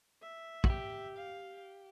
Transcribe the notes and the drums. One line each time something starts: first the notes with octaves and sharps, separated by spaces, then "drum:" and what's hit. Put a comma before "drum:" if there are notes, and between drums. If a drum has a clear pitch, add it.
E5
F#4, drum: kick
G4
F5